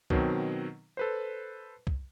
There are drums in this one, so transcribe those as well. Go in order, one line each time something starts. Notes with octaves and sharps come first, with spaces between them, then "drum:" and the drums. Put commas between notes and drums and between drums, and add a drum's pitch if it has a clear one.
B2 D#3 F#3 C4, drum: kick
A4 B4 C5
drum: kick